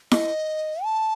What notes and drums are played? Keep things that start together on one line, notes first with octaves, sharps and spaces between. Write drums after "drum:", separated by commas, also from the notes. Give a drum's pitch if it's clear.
D#5, drum: snare E4
A5